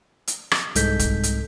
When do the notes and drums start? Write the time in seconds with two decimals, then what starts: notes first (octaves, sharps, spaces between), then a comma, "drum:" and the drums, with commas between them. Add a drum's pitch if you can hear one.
0.27 drum: hi-hat
0.51 drum: rim click
0.75 C2 G#2 G#3 A4 G6 B6, drum: hi-hat
0.99 drum: kick, hi-hat
1.23 drum: hi-hat